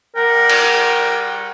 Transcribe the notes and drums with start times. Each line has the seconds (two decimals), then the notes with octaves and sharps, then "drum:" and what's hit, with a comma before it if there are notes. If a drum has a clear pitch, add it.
0.16 G3 A#4 F#5 G5
0.49 drum: cymbal